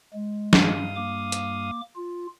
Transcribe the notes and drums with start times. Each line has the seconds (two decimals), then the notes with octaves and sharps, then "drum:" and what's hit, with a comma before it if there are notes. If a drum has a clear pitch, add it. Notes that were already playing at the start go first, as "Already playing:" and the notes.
0.14 G#3
0.53 G2 F5 D#6, drum: snare
0.96 A#3 D6
1.32 drum: hi-hat
1.96 F4